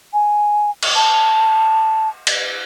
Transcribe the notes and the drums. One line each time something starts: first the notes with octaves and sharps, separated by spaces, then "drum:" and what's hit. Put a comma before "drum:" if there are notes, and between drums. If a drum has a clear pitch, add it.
G#5
drum: cymbal
A5
drum: cymbal